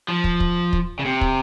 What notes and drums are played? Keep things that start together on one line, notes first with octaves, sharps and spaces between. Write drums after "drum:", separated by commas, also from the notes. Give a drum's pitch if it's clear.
F3
drum: kick
drum: kick
drum: kick
C#3
C3
drum: kick